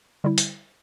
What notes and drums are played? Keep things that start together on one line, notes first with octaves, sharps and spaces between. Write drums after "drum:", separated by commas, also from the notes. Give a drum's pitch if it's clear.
D3 G3 E4
drum: hi-hat